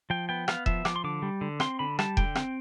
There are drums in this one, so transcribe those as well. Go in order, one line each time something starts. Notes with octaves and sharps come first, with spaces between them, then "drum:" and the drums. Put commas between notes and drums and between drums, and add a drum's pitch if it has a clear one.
F3 G5
B3 G5
B3 F5, drum: rim click
F3 E5, drum: kick E1
F3 D6, drum: rim click
C6
D3 D6
G3
D3
C4 C6, drum: rim click
D3 B5
G3 A5, drum: rim click
D3 G5, drum: kick E1
C4, drum: rim click